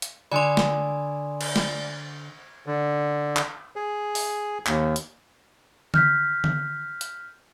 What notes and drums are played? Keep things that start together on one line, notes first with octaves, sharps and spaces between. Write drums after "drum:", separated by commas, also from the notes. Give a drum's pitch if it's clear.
drum: hi-hat
D3 D5 G#5 B5 C6 D#6
drum: snare
drum: cymbal
drum: snare
D3
drum: clap
G#4
drum: open hi-hat
D#2, drum: clap
drum: hi-hat
F6 G6 B6, drum: tom D3
drum: tom D3
drum: hi-hat